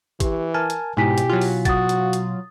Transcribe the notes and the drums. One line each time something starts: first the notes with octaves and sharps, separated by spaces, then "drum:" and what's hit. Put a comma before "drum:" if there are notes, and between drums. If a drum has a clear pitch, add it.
E3 G4, drum: kick G#1, hi-hat
A#4 G#5 A5 F6
drum: hi-hat
G#2 B2 E4 G4 G#5 B6
drum: hi-hat
F#3 F4
drum: open hi-hat
F#4 D#6 A6, drum: kick G#1, hi-hat
drum: hi-hat
drum: hi-hat